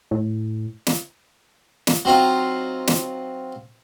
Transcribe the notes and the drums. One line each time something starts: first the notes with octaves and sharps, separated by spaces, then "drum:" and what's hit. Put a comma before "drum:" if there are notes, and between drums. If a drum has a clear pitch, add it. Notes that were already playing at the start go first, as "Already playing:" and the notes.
A2
drum: snare
drum: snare
F#3 C4 D#4 F4
drum: snare